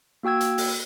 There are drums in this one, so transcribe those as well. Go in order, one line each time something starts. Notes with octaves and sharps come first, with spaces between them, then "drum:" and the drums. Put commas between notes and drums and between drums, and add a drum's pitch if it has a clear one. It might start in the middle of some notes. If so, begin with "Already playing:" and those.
A#3 F#4 G5 E6 G#6
drum: hi-hat
drum: open hi-hat